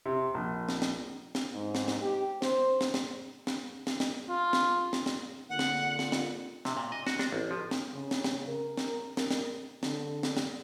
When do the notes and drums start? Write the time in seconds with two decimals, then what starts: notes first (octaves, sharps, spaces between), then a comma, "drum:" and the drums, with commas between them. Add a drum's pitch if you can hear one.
0.06 C3
0.34 A#1
0.69 drum: snare
0.82 drum: snare
1.35 drum: snare
1.54 G#2
1.75 drum: snare
1.88 drum: snare
2.01 G4
2.42 C5, drum: snare
2.81 drum: snare
2.94 drum: snare
3.47 drum: snare
3.87 drum: snare
4.00 drum: snare
4.29 F4
4.53 drum: snare
4.93 drum: snare
5.06 drum: snare
5.50 D3 A#3 F4 F#5
5.59 drum: snare
5.99 drum: snare
6.12 drum: snare
6.65 C3, drum: snare
6.77 A#2
6.92 D#5
7.07 F#4, drum: snare
7.19 D4, drum: snare
7.32 A1
7.51 F3
7.71 drum: snare
7.93 C#3
8.11 drum: snare
8.24 drum: snare
8.48 A#4
8.77 drum: snare
9.17 drum: snare
9.31 drum: snare
9.83 D3, drum: snare
10.23 drum: snare
10.37 drum: snare